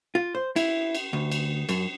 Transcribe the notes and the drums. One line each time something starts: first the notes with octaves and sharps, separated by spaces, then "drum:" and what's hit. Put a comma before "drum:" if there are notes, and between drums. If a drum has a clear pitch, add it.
F4
C5
E4, drum: cymbal
drum: cymbal
D2
drum: cymbal
F#2, drum: cymbal